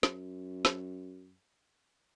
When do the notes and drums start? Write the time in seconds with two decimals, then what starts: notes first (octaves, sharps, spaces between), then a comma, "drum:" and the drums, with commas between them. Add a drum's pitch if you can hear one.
0.03 F#2, drum: snare
0.65 drum: snare